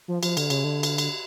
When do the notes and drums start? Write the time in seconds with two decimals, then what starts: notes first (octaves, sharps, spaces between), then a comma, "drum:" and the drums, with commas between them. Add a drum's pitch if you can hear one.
0.08 F3
0.23 F3, drum: cymbal
0.37 D3, drum: cymbal
0.50 C#3, drum: cymbal
0.64 D3
0.83 drum: cymbal
0.98 drum: cymbal